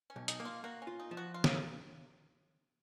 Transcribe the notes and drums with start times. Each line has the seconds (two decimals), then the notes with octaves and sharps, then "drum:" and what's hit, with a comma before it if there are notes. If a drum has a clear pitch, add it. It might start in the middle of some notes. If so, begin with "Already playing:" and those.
0.10 C#4
0.16 B1
0.28 D#4, drum: hi-hat
0.40 A#3
0.45 F4
0.64 A#3 F#4
0.82 C#4
0.87 F4
1.00 D#4
1.11 F3
1.17 F#4
1.34 F4
1.44 drum: snare